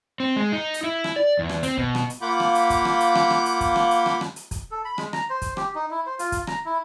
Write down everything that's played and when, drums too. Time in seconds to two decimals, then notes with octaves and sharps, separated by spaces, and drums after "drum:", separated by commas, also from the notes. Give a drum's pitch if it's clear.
0.20 C4
0.36 G#3
0.52 D#4
0.74 drum: hi-hat
0.84 E4
1.04 drum: rim click
1.16 D5
1.39 E2
1.49 drum: rim click
1.63 C4, drum: hi-hat
1.78 B2, drum: kick
1.95 drum: rim click
2.10 drum: hi-hat
2.22 A#3 F4 F#5 B5 D6 G6
2.40 drum: rim click
2.55 drum: hi-hat
2.70 drum: kick, hi-hat
2.85 drum: rim click
3.00 drum: hi-hat
3.15 drum: rim click
3.30 drum: rim click
3.46 drum: hi-hat
3.61 drum: kick, hi-hat
3.76 drum: rim click
3.91 drum: hi-hat
4.06 drum: rim click
4.21 drum: rim click
4.36 drum: hi-hat
4.51 drum: kick, hi-hat
4.71 A4
4.85 B5
4.98 G#3, drum: rim click
5.13 A#5, drum: rim click
5.30 C5
5.42 drum: kick, hi-hat
5.57 G4, drum: rim click
5.75 D#4
5.91 E4
6.06 C5
6.19 F4, drum: hi-hat
6.32 drum: kick, hi-hat
6.47 A#5, drum: rim click
6.65 E4